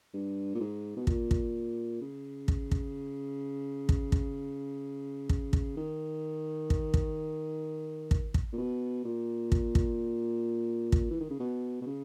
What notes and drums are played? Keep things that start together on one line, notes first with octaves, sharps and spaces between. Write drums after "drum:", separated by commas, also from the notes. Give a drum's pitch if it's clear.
G2
A#2
G#2
B2
A#2, drum: kick
drum: kick
C#3
drum: kick
drum: kick
drum: kick
drum: kick
drum: kick
drum: kick
D#3
drum: kick
drum: kick
drum: kick
drum: kick
A#2
B2
A#2
drum: kick
drum: kick
drum: kick
E3
D#3
C#3
B2
B2
C#3